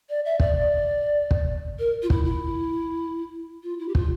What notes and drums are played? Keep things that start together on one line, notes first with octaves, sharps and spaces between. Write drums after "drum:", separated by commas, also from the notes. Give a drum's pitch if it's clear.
D5
E5
D5, drum: kick
drum: kick
A#4
F4
E4, drum: kick
E4
F4
E4
G4
F4, drum: kick